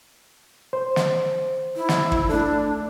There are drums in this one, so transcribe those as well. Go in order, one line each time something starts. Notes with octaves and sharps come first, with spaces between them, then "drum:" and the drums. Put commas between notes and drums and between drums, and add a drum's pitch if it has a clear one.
C5
drum: snare
E4
drum: snare
drum: kick
A3 D4 A4